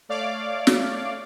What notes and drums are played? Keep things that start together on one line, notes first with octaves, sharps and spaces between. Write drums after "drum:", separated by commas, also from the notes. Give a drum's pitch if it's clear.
A3 C#5 D5 F5 D6
drum: snare